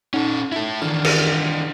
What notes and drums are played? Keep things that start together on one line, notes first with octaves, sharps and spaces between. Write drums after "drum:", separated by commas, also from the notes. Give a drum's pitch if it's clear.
C#4 D#4 A4 F#5
E4 A4
D#3 E3 D4 F6
drum: cymbal